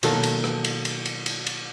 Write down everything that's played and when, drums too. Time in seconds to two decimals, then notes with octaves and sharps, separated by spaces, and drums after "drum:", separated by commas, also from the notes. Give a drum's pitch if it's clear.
0.03 B2 D#3 F#3 A#3 A4, drum: cymbal
0.23 drum: cymbal
0.44 drum: rim click
0.64 drum: cymbal
0.85 drum: cymbal
1.05 drum: cymbal
1.26 drum: cymbal
1.47 drum: cymbal